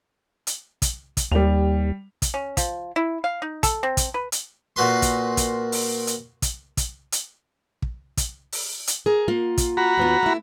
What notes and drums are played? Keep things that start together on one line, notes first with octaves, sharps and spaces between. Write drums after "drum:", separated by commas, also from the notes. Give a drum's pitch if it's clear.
drum: hi-hat
drum: kick, hi-hat
drum: kick, hi-hat
D#2 G3 F7
drum: kick, hi-hat
C#4
F3, drum: kick, hi-hat
E4
F5
D#4
A4, drum: kick, hi-hat
C4
drum: kick, hi-hat
B4
drum: hi-hat
A#2 F#4 B4 C6
drum: kick, hi-hat
drum: kick, hi-hat
drum: open hi-hat
drum: hi-hat
drum: kick, hi-hat
drum: kick, hi-hat
drum: hi-hat
drum: kick
drum: kick, hi-hat
drum: open hi-hat
drum: hi-hat
G#4 A#4
A#3 F4 F#5
drum: kick, hi-hat
F#4 A#5 B5
D#2 B3 F4
A3 E4